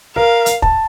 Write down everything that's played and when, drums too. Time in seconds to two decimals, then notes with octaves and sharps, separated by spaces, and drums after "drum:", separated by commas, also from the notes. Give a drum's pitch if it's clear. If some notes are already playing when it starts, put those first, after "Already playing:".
0.16 A#4 F5
0.46 drum: hi-hat
0.62 A5, drum: kick